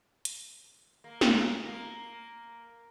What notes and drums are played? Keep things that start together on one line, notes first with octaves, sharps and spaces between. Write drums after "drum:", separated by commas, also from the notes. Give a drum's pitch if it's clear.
drum: hi-hat
A#3
drum: snare
A#3